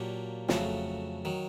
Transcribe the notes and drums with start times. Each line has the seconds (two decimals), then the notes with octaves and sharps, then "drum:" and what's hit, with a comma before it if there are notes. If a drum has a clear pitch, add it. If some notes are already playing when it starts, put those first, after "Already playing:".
Already playing: A#2 F#3 A#3 D4 G4
0.49 F2 C#3 F#3 A3, drum: snare
1.25 D#3 F#3